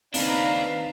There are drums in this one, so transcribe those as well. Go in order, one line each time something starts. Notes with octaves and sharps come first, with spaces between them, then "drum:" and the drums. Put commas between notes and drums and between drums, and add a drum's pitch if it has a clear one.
D#2 C4 D4 D#4 B4 F5 A#5, drum: open hi-hat